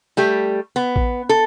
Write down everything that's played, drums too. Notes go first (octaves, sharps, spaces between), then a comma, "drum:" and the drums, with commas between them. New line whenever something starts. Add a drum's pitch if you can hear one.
G3 A3 G4
B3
drum: kick A1
A4